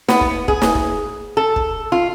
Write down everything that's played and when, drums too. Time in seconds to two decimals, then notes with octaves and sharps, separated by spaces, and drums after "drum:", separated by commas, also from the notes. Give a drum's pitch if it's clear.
0.08 B3, drum: snare
0.21 drum: kick
0.48 G#4, drum: kick
0.62 drum: snare
0.75 drum: kick
1.37 A4
1.56 drum: kick
1.92 F4